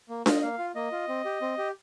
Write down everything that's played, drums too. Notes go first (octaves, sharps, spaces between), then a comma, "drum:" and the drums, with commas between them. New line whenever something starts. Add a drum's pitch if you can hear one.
A#3
F4 D#5, drum: snare D4
A#3 F5
F4
A#3 D#5
F4
C4
G4
C4
G4